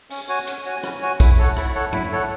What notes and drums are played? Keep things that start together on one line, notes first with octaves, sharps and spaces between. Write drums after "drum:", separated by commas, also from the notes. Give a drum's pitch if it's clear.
C#4, drum: open hi-hat
F#4 C#5 G#5
C#4, drum: hi-hat
F#4 C#5 G#5
C#4, drum: rim click
F#4 C#5 G#5
E4, drum: kick, hi-hat
A4 C#5 F#5
E4, drum: rim click
A4 C#5 F#5
E4, drum: tom
A4 C#5 F#5